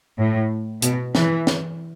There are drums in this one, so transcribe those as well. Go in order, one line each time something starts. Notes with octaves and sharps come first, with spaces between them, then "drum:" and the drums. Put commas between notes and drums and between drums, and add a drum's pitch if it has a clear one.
A2
B2, drum: hi-hat
E3, drum: snare
drum: snare